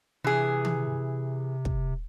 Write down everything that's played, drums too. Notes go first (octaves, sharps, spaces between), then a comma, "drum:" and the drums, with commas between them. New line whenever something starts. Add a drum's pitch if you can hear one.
C3 E3 G#4
drum: tom D#3
drum: kick